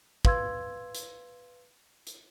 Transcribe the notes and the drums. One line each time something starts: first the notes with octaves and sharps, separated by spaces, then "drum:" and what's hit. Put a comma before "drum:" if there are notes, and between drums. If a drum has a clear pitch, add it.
B4 F5 C6 E6 G#6, drum: kick
drum: hi-hat
drum: hi-hat